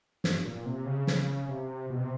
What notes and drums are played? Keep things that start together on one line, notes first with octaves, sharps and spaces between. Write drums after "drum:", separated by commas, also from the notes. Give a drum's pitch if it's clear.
G2, drum: snare
A#2
C3
C#3
C#3, drum: snare
C3
B2
C3